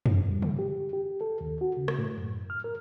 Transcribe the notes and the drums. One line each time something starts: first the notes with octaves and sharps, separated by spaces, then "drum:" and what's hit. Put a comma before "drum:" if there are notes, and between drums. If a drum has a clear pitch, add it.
drum: tom
G3
drum: tom C3
G4
G4
A4
D#2
F#4
C#3
drum: rim click
A2
F#2
F6
A#4